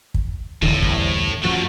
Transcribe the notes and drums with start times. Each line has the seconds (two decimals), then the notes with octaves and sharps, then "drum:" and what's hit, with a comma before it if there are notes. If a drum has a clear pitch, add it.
0.14 drum: kick
0.62 E1 E2 A2 D3 E3
0.82 C2, drum: kick
1.44 F#2 F3 F#3 A3 A#3 F#4